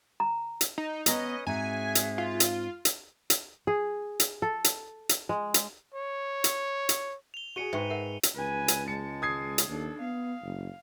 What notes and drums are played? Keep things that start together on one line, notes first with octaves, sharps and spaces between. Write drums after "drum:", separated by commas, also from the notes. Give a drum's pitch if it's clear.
A#5
drum: hi-hat
D#4
B3 C#4 B4 D#5 A#5, drum: hi-hat
G#2 C4 F#4 G#4 E5 G#5 A#5
drum: hi-hat
F4
drum: hi-hat
drum: hi-hat
drum: hi-hat
G#4
drum: hi-hat
A4
drum: hi-hat
drum: hi-hat
G#3
drum: hi-hat
C#5
drum: hi-hat
drum: hi-hat
F7 G7
F#4 G#4 C#7 D#7 G7
G#2 B4 E5 G5 C#6
A#4 E5 F#5
drum: hi-hat
C#2 B4 G#5
drum: hi-hat
G#3 A5 C#7
D#6 G#6 C7
drum: hi-hat
D#2 D4 A4
B3 F5
F#1